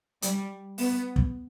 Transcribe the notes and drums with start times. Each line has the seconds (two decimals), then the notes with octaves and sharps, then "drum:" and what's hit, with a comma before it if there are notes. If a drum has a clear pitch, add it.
0.22 G3, drum: hi-hat
0.78 B3, drum: open hi-hat
1.16 drum: kick